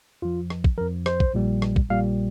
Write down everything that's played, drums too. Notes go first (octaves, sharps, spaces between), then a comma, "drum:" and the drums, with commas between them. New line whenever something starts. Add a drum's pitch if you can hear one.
F2 F3 F4
drum: rim click
drum: kick
F2 F3 A#4
C5, drum: rim click
drum: kick
A#1 A#2 G3
drum: rim click
drum: kick
A#1 A#2 G3 F5